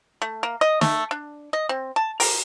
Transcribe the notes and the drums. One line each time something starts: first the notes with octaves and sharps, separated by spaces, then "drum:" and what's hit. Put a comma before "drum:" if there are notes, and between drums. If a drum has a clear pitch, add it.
A3
A#3
D#5
A3, drum: snare
D4
D#5
C4
A5
A#4, drum: open hi-hat